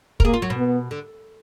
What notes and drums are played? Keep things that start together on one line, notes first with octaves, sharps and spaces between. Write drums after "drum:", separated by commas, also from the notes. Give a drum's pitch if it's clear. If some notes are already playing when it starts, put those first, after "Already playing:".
A#4, drum: kick
A#3 G#4
F4
F#3
B2
B3
D3